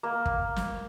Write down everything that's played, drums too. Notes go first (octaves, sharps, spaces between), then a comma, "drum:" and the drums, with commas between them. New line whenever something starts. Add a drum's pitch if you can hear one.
A#3
drum: kick
drum: snare